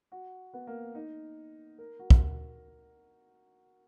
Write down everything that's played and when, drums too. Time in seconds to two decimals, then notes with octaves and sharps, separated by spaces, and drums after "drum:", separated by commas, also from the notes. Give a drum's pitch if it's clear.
0.12 F#4
0.53 B3
0.67 A#3
0.95 D#4
1.78 A#4
1.99 F#4
2.10 drum: kick